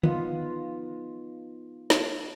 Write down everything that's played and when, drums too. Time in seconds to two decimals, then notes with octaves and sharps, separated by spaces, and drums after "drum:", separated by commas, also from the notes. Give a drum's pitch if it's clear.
0.03 B3 D#4 F4, drum: tom D3
1.90 drum: snare